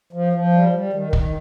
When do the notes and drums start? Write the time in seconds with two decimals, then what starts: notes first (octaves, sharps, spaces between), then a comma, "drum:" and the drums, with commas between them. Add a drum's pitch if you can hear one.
0.13 F3
0.33 F3
0.53 G3
0.73 G3
0.93 D#3
1.13 D#3, drum: kick